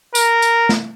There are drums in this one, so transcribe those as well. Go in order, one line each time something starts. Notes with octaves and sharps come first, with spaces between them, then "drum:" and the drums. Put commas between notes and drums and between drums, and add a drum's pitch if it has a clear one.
A#4, drum: tambourine
drum: tambourine
drum: snare